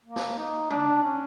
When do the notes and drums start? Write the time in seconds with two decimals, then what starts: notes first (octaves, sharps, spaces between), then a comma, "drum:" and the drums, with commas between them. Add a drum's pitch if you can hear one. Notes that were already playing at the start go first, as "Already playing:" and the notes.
0.04 A#3
0.16 drum: snare
0.37 D#4
0.70 D4, drum: tom
1.03 C#4